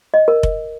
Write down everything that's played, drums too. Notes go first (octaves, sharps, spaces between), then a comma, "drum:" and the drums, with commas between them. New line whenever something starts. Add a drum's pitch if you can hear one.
D#5
A#4
drum: kick F1